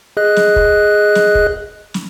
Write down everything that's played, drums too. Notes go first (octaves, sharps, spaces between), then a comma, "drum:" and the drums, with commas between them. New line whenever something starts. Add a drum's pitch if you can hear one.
G#4 D#5 F#6
drum: snare
drum: kick
drum: snare
drum: kick
drum: snare